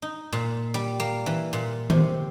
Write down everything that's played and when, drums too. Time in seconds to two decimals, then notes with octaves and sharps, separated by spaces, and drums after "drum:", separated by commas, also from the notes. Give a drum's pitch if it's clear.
0.02 D#4
0.33 A#2
0.74 G3
1.00 A#3
1.26 E3
1.53 A#2
1.90 C3, drum: tom D#3